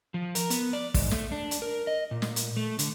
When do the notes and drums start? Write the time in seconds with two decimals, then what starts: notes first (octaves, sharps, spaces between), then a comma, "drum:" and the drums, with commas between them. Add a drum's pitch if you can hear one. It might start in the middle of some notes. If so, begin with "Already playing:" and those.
0.14 F3
0.35 A#4, drum: hi-hat
0.50 B3, drum: hi-hat
0.73 D5
0.94 G#2, drum: kick, open hi-hat
1.11 A3, drum: snare
1.32 D4
1.51 drum: hi-hat
1.62 A#4
1.87 D#5
2.11 A#2
2.22 drum: snare
2.36 drum: hi-hat
2.57 A3
2.79 D3, drum: hi-hat